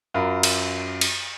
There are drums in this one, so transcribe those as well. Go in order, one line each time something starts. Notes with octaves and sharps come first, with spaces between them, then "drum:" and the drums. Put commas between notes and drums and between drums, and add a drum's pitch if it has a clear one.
F#2 F4 F#4 A#4 B5
drum: cymbal
drum: cymbal